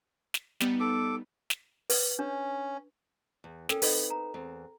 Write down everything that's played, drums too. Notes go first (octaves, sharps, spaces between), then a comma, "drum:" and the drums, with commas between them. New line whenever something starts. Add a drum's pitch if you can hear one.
drum: snare
G3 B3 D#4, drum: snare
A4 D6
drum: snare
B4, drum: open hi-hat
C#4 D4
E2
C#4 A4 A#4 G5, drum: snare
C4 D#4 A4 B4, drum: open hi-hat
A#5
E2 C4